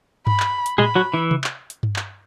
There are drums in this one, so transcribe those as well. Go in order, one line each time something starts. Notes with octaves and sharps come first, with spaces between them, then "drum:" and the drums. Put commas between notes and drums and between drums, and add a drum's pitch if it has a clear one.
B5, drum: tom G2
drum: clap
drum: hi-hat
G#3 G#4 B5, drum: tom A2
F#3 F#4
E3 E4
drum: tom C3
drum: clap
drum: hi-hat
drum: tom G2
drum: clap